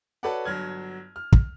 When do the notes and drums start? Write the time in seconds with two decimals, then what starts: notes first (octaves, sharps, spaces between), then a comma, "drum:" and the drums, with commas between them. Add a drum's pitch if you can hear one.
0.23 F#4 A4 B4 C#5 D5 F#5
0.45 G1 F#3 F6 G#6
1.16 F6
1.32 drum: kick